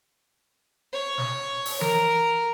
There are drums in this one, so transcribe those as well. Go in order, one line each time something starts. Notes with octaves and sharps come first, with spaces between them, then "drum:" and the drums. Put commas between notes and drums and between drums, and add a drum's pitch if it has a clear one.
C#5
drum: snare
drum: open hi-hat
A#4, drum: tom E3